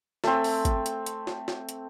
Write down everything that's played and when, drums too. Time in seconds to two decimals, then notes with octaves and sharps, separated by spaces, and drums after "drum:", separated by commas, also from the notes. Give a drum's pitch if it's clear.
0.24 A3 C4, drum: snare
0.44 drum: open hi-hat
0.65 drum: kick G#1, hi-hat
0.86 drum: hi-hat
1.06 drum: hi-hat
1.27 drum: snare
1.48 drum: snare
1.69 drum: hi-hat